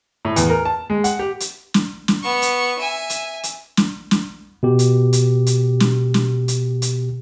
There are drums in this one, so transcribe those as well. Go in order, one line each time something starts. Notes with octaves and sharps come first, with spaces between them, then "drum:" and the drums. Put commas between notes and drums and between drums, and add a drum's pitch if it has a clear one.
A2
E2, drum: hi-hat
A#4
A5
G#3
F#5, drum: hi-hat
G4
drum: hi-hat
drum: snare
drum: snare
B3 C#6
drum: hi-hat
E5 G#5
drum: hi-hat
drum: hi-hat
drum: snare
drum: snare
B2 G4
drum: hi-hat
drum: hi-hat
drum: hi-hat
drum: snare
drum: snare
drum: hi-hat
drum: hi-hat